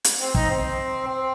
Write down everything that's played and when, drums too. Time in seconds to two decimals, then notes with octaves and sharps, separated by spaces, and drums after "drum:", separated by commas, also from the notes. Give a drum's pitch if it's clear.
0.04 drum: hi-hat
0.21 C4
0.35 D#4, drum: kick
0.50 C4
1.07 C4